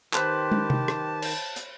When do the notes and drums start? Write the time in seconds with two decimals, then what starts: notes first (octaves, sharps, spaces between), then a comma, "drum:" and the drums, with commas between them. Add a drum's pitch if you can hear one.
0.14 D#3 G4 B4 C5 A5, drum: clap
0.52 drum: tom
0.70 drum: tom C3
0.88 drum: rim click
1.22 drum: cymbal
1.56 drum: hi-hat